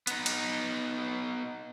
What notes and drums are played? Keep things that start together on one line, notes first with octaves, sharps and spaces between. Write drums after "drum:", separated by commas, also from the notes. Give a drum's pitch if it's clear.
B3 D#4, drum: hi-hat
drum: cymbal